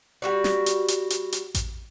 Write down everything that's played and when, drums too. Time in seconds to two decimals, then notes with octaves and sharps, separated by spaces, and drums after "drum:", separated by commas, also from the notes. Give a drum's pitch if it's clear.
0.22 G3 F#4 D5
0.44 drum: snare
0.66 drum: hi-hat
0.88 drum: hi-hat
1.10 drum: hi-hat
1.32 drum: hi-hat
1.54 drum: kick A1, hi-hat